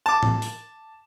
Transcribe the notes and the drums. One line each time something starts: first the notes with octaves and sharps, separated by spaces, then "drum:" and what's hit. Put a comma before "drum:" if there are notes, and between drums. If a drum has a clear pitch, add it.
A5 D6
drum: tom A2
drum: open hi-hat